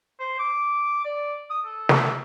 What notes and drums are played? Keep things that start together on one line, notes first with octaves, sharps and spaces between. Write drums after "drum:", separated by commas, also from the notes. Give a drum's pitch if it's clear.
C5
D6
D5
D#6
A4
drum: snare